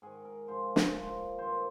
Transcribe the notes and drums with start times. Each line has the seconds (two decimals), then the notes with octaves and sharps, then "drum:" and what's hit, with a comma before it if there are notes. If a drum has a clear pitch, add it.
0.02 G#2 D#3 G#4
0.25 A#4
0.48 G#2 F3 C5
0.76 drum: snare
0.93 A#2 F3
1.38 G2 D#3 C5